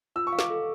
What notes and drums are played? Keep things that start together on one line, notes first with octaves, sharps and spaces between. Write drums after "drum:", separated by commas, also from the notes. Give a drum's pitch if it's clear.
F4 E6
C#6
F5
D6, drum: snare
A4